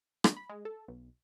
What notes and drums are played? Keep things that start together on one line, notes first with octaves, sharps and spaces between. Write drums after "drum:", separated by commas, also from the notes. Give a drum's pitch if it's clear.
D4, drum: rim click
B5
G#3
A4
B1